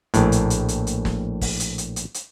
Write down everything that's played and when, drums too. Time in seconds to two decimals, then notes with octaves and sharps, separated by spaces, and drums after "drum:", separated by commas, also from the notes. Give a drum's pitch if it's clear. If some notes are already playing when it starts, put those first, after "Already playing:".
0.14 A#1 A2, drum: hi-hat
0.32 drum: hi-hat
0.50 drum: hi-hat
0.68 drum: hi-hat
0.87 drum: hi-hat
1.05 drum: snare
1.41 drum: kick, open hi-hat
1.60 drum: hi-hat
1.78 drum: hi-hat
1.96 drum: hi-hat
2.14 drum: hi-hat